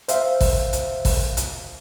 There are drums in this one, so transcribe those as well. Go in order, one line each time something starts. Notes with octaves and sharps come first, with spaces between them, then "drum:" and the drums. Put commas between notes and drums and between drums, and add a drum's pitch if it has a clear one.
C5 E5 F5, drum: hi-hat
drum: kick, open hi-hat
drum: hi-hat
drum: kick, open hi-hat
drum: hi-hat